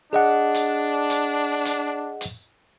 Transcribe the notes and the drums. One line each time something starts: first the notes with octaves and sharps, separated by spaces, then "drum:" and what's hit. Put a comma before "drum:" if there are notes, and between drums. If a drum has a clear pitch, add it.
D4 G#4 D#5 F#5
drum: hi-hat
drum: hi-hat
drum: hi-hat
drum: hi-hat